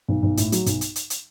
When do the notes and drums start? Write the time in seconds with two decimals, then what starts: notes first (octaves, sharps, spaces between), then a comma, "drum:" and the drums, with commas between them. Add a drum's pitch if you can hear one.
0.09 B1
0.23 B1
0.37 A2, drum: hi-hat
0.52 F#3, drum: hi-hat
0.66 B1, drum: hi-hat
0.81 drum: hi-hat
0.96 drum: hi-hat
1.10 drum: hi-hat